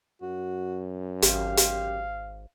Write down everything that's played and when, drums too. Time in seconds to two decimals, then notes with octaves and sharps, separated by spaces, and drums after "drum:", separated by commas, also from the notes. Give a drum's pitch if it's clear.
0.22 F#2 F#4
1.22 G#1 G4 F5, drum: hi-hat
1.57 drum: hi-hat